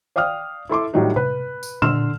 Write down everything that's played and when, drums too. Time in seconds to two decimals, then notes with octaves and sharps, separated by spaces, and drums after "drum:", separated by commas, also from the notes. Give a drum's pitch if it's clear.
0.16 D5 F5 G5 D#6 F6
0.69 E4 A4 C6 D6
0.93 A2 F#3 G3 D4 D#4 F#4
1.16 B4, drum: tom C3
1.63 drum: tambourine
1.82 D3 C6 E6 F6 E7, drum: tom A#2